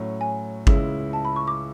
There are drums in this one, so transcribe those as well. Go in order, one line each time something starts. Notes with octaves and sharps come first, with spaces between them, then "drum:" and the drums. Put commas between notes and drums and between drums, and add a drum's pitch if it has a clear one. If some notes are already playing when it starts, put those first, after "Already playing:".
Already playing: A2 F#3 C#4
G#5
C#2 C#3 G#3 C#4 E4, drum: kick G1
A5
B5
C#6
D6